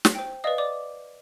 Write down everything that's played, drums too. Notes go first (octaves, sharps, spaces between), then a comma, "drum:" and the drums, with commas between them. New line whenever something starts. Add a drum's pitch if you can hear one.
drum: snare
C5 G5
B4 D5 D#5 F5 D#6
D5 D6